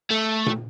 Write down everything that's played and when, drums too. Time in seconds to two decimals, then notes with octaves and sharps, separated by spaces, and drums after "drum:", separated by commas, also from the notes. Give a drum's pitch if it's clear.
0.10 A3
0.46 drum: tom A#2